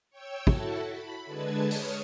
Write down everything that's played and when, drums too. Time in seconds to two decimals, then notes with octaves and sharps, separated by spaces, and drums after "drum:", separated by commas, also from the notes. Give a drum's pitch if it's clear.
0.10 C#5 G5 E6
0.47 E4 F#4 A4 A5, drum: kick
0.84 B5
1.25 D3 G#3 B4 A5 G#6
1.71 C#5 D#6 F6, drum: open hi-hat